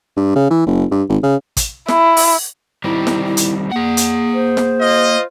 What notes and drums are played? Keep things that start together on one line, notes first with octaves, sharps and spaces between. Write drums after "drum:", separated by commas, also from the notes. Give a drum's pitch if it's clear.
G2
C#3
E3
F#1
G2
G#1
C#3
drum: kick, hi-hat
E4, drum: snare
drum: open hi-hat
D#3 G3 C4 E4
drum: snare
E4
drum: hi-hat
A#3 G#4 F#5
drum: hi-hat
C5
drum: snare
F4 D#5